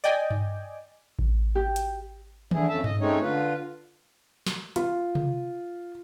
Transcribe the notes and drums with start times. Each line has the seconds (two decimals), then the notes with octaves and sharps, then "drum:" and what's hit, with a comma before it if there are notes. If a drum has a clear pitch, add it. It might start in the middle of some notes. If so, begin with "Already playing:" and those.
0.04 D5 D#5 G5 G#5
0.31 drum: tom G2
1.19 drum: kick A1
1.55 G4
1.76 drum: hi-hat
2.51 D3 E4 G#4, drum: tom D#3
2.69 F2 C#3 A3 E5 A5
2.84 D#5, drum: tom G2
3.00 G#3 A3 C4 C#4 D#4 C#5
3.22 D3 F4 B4
4.46 drum: snare
4.76 F4, drum: hi-hat
5.15 drum: tom C3